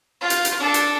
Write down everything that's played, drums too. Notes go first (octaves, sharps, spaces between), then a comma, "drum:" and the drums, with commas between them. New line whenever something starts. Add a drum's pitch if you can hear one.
F4
drum: hi-hat
drum: hi-hat
D4 A4
drum: hi-hat